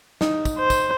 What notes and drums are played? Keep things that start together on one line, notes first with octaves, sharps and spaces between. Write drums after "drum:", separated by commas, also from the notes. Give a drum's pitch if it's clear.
D#4, drum: snare
drum: kick, tambourine
C5
drum: kick, tambourine